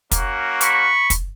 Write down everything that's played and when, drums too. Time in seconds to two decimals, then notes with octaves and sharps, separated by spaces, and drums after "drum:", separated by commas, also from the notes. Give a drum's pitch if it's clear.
0.11 A#3 C#4 F#4, drum: kick, hi-hat
0.61 B5 C#6, drum: hi-hat
1.10 drum: kick, hi-hat